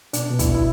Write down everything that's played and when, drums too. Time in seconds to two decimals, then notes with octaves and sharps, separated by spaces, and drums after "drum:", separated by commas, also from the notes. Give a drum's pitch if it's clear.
0.13 B2 D4, drum: hi-hat
0.30 B2
0.39 E4, drum: kick, hi-hat
0.49 B2
0.55 E4